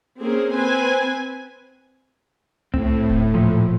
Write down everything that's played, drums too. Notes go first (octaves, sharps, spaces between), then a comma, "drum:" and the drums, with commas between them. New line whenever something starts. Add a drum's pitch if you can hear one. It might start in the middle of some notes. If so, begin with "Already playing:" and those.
A#3 C4 C#4 G#4 A#4
C4 B4 C5 G#5
A2 C4, drum: tom C2
drum: kick D1
A#2 F3 A3